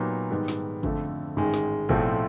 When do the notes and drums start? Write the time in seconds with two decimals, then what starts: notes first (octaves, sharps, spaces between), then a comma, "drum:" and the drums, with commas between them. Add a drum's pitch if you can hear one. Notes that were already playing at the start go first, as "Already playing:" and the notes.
Already playing: A#2 F#3 B3 D#4 G4
0.31 G#2 D#3 G3 B3
0.48 drum: snare
0.83 F2 D3 F3 A3, drum: kick G1
1.36 A1 G#2 D#3 G#3
1.54 drum: snare
1.89 B1 A2 F3 A3 C4, drum: kick G1